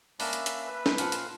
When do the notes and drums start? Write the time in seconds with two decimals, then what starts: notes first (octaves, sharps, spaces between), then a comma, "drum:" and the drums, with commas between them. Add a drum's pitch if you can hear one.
0.20 A#3 C#4 D4 A#4 E5 B5, drum: open hi-hat
0.33 drum: hi-hat
0.46 drum: hi-hat
0.67 B4
0.86 drum: snare
0.98 A#2 F3 F4 F5 F#5 A5, drum: hi-hat
1.12 drum: hi-hat